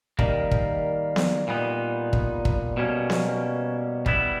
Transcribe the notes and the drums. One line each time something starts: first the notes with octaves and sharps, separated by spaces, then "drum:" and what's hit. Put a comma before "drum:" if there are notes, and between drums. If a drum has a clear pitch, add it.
D#3 G3 A#3, drum: kick
drum: kick
drum: snare B3
A#2 G3 B3 D#4
drum: kick
drum: kick
B2 G3 A#3 C#4
drum: snare B3
G3 B3 E4, drum: kick